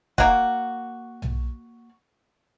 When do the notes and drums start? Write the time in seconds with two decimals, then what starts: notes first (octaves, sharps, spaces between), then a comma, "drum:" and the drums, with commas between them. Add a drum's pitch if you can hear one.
0.18 A#3 F#4, drum: kick
1.22 drum: tom B1